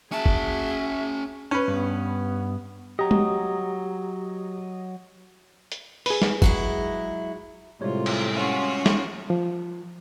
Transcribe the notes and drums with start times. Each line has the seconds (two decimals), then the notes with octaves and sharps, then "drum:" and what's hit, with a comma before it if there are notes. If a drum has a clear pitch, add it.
0.12 C#4 F#4 G#4 E5 A5
0.26 drum: kick
1.51 C#4 B4
1.68 G2 B3
2.99 F#3 G4 D#5 A#5
3.11 drum: tom
5.72 drum: hi-hat
6.06 G#4 B4, drum: open hi-hat
6.22 drum: snare
6.42 F#3 G#3 E4, drum: kick
7.81 A2 C3 G3 G#3 F4 C#5
8.06 drum: cymbal
8.33 C#4 F4 F#4
8.86 drum: snare
9.30 F3